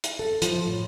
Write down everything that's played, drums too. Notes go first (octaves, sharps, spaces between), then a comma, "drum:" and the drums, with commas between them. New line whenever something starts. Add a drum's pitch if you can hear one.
drum: hi-hat
A4
F3, drum: hi-hat
A2